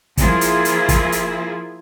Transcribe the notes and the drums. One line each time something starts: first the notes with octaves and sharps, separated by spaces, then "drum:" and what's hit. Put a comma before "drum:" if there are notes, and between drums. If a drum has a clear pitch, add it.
F3 A#3 E4 F4 G#4, drum: kick F#1, hi-hat
drum: hi-hat
drum: hi-hat
drum: kick F#1, hi-hat
drum: hi-hat